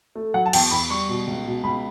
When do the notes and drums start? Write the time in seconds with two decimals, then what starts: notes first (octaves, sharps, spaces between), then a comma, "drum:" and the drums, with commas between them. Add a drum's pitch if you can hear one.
0.15 A3
0.34 F#3 F#5
0.46 A5
0.53 E2 G5, drum: cymbal
0.71 E2 B5
0.90 G3 C#6
1.09 B2
1.27 C#2
1.46 B2
1.64 C#2 B5